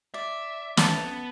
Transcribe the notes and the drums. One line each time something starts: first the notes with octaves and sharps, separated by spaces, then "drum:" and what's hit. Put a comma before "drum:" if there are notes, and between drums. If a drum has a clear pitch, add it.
D5 E5
E4 A4 B4 A5, drum: snare
B3